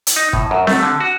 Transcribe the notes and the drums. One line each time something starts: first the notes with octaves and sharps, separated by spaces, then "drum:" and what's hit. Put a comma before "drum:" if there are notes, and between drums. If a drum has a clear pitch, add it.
drum: hi-hat
D#4
A2, drum: kick
F#2
A3, drum: snare C4
D3
F#4